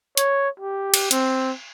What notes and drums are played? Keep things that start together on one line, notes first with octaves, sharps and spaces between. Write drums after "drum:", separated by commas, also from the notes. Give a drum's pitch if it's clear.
C#5, drum: hi-hat
G4
drum: cymbal
C4, drum: hi-hat